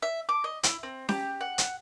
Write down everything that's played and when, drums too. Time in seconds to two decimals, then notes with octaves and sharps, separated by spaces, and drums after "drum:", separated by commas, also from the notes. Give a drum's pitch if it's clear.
0.02 E5
0.29 D6
0.44 D#5
0.63 E4, drum: hi-hat
0.83 C4
1.09 G4, drum: snare C#4
1.41 F#5
1.58 drum: hi-hat